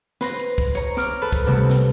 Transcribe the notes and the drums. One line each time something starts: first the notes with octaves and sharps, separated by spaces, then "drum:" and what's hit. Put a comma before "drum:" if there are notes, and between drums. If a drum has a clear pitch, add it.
B4 C6 A#6, drum: snare
drum: hi-hat
drum: kick, hi-hat
C#5 A#5, drum: hi-hat
D6 F6, drum: snare
A4 B4
drum: kick, hi-hat
C3 G3 A3 B3 C4
drum: snare